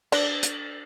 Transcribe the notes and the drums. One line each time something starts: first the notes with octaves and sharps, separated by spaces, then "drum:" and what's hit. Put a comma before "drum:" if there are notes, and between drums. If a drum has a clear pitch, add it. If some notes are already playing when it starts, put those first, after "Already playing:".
D4 D5, drum: cymbal
drum: hi-hat